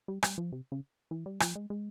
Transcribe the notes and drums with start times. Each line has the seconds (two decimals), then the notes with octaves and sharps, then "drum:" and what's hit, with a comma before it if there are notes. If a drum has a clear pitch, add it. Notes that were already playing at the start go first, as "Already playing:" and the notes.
0.08 G3
0.23 G3, drum: rim click
0.38 F3
0.52 C3
0.72 C#3
1.11 E3
1.26 G3
1.40 F3, drum: rim click
1.55 G#3
1.70 G#3